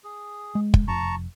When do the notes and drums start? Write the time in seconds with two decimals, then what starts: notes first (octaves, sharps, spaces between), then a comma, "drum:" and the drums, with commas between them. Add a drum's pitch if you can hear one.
0.04 G#4
0.55 G#3
0.74 drum: kick
0.88 F1 A5 A#5 C#6